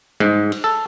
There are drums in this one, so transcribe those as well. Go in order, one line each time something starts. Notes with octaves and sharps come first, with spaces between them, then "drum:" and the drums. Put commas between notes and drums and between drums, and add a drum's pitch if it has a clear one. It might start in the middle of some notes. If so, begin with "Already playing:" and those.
G#2, drum: tom G3
drum: cymbal
A4